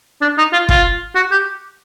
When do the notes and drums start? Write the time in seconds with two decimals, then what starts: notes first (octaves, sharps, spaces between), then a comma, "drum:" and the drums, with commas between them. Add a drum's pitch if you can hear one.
0.21 D4
0.38 D#4
0.52 F4
0.69 F4, drum: kick
1.15 F#4
1.31 G4